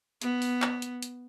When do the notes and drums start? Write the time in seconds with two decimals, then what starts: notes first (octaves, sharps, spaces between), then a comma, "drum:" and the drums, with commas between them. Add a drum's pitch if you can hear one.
0.22 B3, drum: hi-hat
0.42 drum: open hi-hat
0.62 drum: clap
0.82 drum: hi-hat
1.02 drum: hi-hat